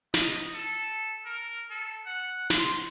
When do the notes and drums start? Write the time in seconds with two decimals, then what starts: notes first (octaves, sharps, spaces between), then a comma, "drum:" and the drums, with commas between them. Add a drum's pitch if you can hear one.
0.14 D#5, drum: snare
0.54 A4
1.25 A#4
1.70 A4
2.06 F#5
2.50 C6, drum: snare